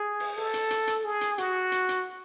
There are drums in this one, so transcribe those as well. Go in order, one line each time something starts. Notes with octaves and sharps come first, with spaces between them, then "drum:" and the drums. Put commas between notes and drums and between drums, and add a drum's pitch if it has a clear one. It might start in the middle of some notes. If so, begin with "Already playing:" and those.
Already playing: G#4
drum: open hi-hat
A4, drum: open hi-hat
drum: hi-hat
drum: hi-hat
drum: hi-hat
G#4
drum: hi-hat
F#4, drum: hi-hat
drum: hi-hat
drum: hi-hat